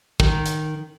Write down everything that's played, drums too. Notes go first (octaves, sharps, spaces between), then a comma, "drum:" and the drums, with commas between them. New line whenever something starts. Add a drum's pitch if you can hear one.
D#3, drum: kick
drum: hi-hat